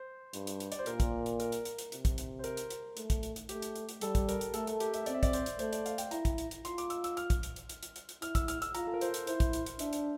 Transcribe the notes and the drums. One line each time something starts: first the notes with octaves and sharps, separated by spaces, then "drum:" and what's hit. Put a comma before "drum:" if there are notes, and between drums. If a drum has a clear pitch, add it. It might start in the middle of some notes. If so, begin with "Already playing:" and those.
Already playing: C5
G2, drum: hi-hat
drum: hi-hat
drum: hi-hat
D5, drum: hi-hat
C5
A#2 A#4, drum: hi-hat
drum: kick, hi-hat
drum: hi-hat
A#4, drum: hi-hat
drum: hi-hat
drum: hi-hat
drum: hi-hat
C3, drum: hi-hat
drum: kick, hi-hat
drum: hi-hat
C5
A#4, drum: hi-hat
drum: hi-hat
drum: hi-hat
A3, drum: hi-hat
drum: kick, hi-hat
drum: hi-hat
drum: hi-hat
A3 G4, drum: hi-hat
drum: hi-hat
drum: hi-hat
drum: hi-hat
G3 A4, drum: hi-hat
drum: kick, hi-hat
A#4, drum: hi-hat
drum: hi-hat
A3 A4, drum: hi-hat
A4, drum: hi-hat
G4, drum: hi-hat
E5, drum: hi-hat
C4 D5, drum: hi-hat
E5
D5, drum: kick, hi-hat
C5, drum: hi-hat
drum: hi-hat
A3 C5, drum: hi-hat
D5, drum: hi-hat
F5, drum: hi-hat
G5, drum: hi-hat
E4 A#5, drum: hi-hat
drum: kick, hi-hat
drum: hi-hat
drum: hi-hat
F4 C6, drum: hi-hat
D6, drum: hi-hat
E6, drum: hi-hat
E6, drum: hi-hat
F6, drum: hi-hat
drum: kick, hi-hat
drum: hi-hat
drum: hi-hat
drum: hi-hat
drum: hi-hat
drum: hi-hat
drum: hi-hat
E4 F6, drum: hi-hat
E6, drum: kick, hi-hat
F6, drum: hi-hat
E6, drum: hi-hat
F4 A#5, drum: hi-hat
A4
A#4
C5, drum: hi-hat
drum: hi-hat
E4 C5, drum: hi-hat
drum: kick, hi-hat
drum: hi-hat
drum: hi-hat
D4 E5, drum: hi-hat
drum: hi-hat